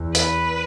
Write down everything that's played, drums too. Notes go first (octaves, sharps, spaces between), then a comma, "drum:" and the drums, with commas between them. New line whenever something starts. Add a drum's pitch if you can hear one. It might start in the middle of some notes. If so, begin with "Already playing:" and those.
Already playing: E2
B4, drum: hi-hat